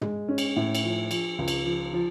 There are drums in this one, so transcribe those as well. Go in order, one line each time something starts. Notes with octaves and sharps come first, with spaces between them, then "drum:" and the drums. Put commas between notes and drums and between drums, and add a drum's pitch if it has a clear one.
G#3, drum: tom
C#4
drum: cymbal
A2
drum: cymbal
F3
F3, drum: cymbal
C#2
drum: cymbal
F3
F3